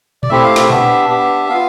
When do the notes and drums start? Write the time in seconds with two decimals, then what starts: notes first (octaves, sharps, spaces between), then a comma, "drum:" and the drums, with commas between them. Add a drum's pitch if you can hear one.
0.23 D5, drum: tom A#2
0.30 A3 C4 E4 G4 E5
0.43 F5
0.56 E5, drum: snare
0.70 B3 D4 G4, drum: tom A#2
1.09 B3 D4 G4
1.49 B3 F4 F5